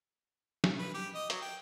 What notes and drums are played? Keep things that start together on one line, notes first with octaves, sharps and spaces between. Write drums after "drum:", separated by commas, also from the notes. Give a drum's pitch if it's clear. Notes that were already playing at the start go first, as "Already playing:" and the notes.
drum: snare
B4
G4
D#5
F#3, drum: hi-hat
G5